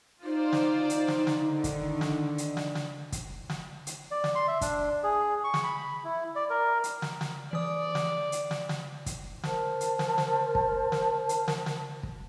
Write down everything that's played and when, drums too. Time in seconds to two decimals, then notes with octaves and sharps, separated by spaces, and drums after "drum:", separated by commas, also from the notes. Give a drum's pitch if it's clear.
0.23 D#4 F4 C5 D5
0.53 drum: snare
0.90 drum: hi-hat
1.08 drum: snare
1.27 drum: snare
1.40 D3 D#3
1.64 drum: kick, hi-hat
2.01 drum: snare
2.38 drum: hi-hat
2.57 drum: snare
2.75 drum: snare
3.12 drum: kick, hi-hat
3.50 drum: snare
3.87 drum: hi-hat
4.11 D5
4.24 drum: snare
4.35 C6
4.48 E5
4.61 D4, drum: kick, hi-hat
5.03 G#4
5.44 C#6
5.54 drum: snare
5.64 B5
5.77 B5
6.05 E4
6.36 D5
6.50 A#4
6.84 drum: hi-hat
7.02 drum: snare
7.21 drum: snare
7.53 E3 D5 D#6
7.95 drum: snare
8.32 drum: hi-hat
8.51 drum: snare
8.69 drum: snare
9.06 drum: kick, hi-hat
9.43 A#4 C5 A5 F6, drum: snare
9.81 drum: hi-hat
9.99 drum: snare
10.18 drum: snare
10.55 drum: kick
10.92 drum: snare
11.29 drum: hi-hat
11.48 drum: snare
11.66 drum: snare
12.03 drum: kick